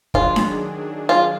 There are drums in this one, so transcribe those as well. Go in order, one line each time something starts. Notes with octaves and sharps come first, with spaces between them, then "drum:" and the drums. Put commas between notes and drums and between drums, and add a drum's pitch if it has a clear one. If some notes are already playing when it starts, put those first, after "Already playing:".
D#3 F#3 D4 F4 G#4, drum: kick
drum: snare D4
F4